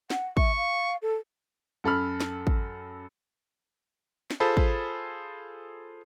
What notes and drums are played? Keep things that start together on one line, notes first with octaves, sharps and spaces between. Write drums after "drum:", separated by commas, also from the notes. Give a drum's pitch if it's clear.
F#5, drum: snare
E5 C#6, drum: kick
F5
A4
F#2 A4 B5 F6
drum: snare
drum: kick
drum: snare
F4 G#4 A4 C5 A5 B5
drum: kick